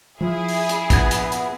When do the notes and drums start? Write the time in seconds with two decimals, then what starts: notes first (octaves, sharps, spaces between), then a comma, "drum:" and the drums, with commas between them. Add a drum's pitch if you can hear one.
0.21 F3 E4 G#4
0.48 drum: open hi-hat
0.69 drum: hi-hat
0.90 A#1 B3 G#6, drum: kick, hi-hat
1.11 drum: hi-hat
1.32 drum: hi-hat